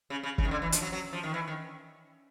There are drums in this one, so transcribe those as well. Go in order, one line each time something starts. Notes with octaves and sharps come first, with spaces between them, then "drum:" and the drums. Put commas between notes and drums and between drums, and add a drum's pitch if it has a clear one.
C#3
C#3
C#3, drum: kick
D#3
D3
E3
F3, drum: hi-hat
F#3
F#3
F3
D#3
E3
D#3